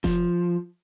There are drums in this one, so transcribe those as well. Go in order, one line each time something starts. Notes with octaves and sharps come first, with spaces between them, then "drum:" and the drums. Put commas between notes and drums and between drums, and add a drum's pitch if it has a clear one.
F3, drum: snare F1